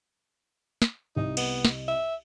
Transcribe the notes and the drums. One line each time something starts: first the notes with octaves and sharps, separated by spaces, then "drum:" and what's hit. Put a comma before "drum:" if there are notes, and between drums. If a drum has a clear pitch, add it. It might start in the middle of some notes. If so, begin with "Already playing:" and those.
drum: snare
C2 D#4 D#5
B3, drum: cymbal
drum: snare
E5